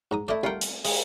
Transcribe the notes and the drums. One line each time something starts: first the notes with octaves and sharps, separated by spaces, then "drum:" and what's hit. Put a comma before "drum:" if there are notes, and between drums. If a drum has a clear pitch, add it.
G#2 A#5 D#6
A3 E4 D5 D#5
C2 F4 A#4 F#5 G5
drum: hi-hat
G#3, drum: open hi-hat